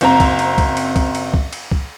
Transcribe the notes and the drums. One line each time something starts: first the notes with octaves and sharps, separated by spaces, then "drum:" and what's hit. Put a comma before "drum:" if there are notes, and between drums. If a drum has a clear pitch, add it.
F#1 C4 A#5, drum: cymbal
drum: kick C#2, cymbal
drum: cymbal
drum: kick C#2, cymbal
drum: cymbal
drum: kick C#2, cymbal
drum: cymbal
drum: kick C#2
drum: cymbal
drum: kick C#2